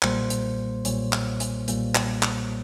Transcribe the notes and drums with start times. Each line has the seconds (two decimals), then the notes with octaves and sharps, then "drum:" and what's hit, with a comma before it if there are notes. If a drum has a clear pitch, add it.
0.02 B1 A#2 G3 A#3 C5, drum: clap
0.30 drum: hi-hat
0.85 B1 A#2 G3 A#3 C#5, drum: hi-hat
1.13 drum: clap
1.40 drum: hi-hat
1.68 B1 A#2 G3 A#3, drum: hi-hat
1.95 drum: clap
2.23 drum: clap